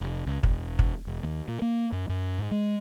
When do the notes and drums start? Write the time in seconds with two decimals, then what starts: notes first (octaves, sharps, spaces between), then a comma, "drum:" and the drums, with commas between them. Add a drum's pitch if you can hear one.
0.01 F1
0.27 C#2
0.43 E1, drum: kick
0.79 drum: kick
1.07 E1
1.23 D#2
1.48 A#2
1.62 A#3
1.92 F#2
2.09 F#2
2.38 G#2
2.51 G#3